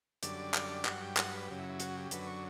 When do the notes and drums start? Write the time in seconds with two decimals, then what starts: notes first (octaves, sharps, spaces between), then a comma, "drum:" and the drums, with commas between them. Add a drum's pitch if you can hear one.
0.23 F#2 D3 G3 D5, drum: hi-hat
0.54 drum: clap
0.85 G2 F#3 F#5, drum: clap
1.01 G5
1.17 F#5, drum: clap
1.33 B4
1.48 F#2 C#3 F#3 G4
1.59 E4
1.69 E4
1.80 F#4, drum: hi-hat
1.96 G4
2.11 F#2 D3 F#3 B4, drum: hi-hat
2.27 C#5